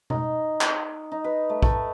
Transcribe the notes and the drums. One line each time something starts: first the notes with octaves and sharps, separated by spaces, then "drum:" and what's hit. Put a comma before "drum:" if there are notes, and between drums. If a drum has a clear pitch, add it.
D#4, drum: tom B2
drum: clap
D#4
B4
A3
A3, drum: kick